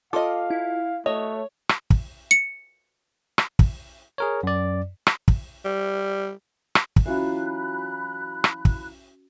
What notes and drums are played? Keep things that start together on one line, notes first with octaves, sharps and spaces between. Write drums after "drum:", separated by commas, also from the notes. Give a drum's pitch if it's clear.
F4 A4 D#5 F5 D6
E4
A3 F#4 C#5 D#5
drum: rim click
drum: kick
C#7
drum: rim click
drum: kick
G#4 A#4 C#5
F#2 D5
drum: rim click
drum: kick
G3
drum: rim click
drum: kick
E3 F#3 C#4 F4 F#4 E5 B5 F#6
drum: rim click
drum: kick